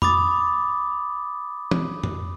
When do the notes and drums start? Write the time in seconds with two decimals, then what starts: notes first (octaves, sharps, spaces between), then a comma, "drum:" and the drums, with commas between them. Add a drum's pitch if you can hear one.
0.02 B5 D6 D#6 A6, drum: tom F2
1.71 drum: tom E3
2.04 drum: tom F2